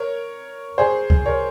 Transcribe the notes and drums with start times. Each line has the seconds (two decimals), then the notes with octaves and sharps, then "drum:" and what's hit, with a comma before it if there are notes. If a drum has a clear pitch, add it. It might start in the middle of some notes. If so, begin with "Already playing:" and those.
Already playing: A#4 C#5
0.78 G#4 C5
1.10 drum: kick C#2
1.26 A#4 C#5